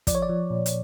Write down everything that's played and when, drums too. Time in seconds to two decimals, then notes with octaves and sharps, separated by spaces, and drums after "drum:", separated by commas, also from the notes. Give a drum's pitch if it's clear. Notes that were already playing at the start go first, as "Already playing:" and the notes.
0.07 F3 D5, drum: kick, hi-hat
0.15 C#5
0.22 D5
0.29 F3
0.50 A#2
0.66 drum: hi-hat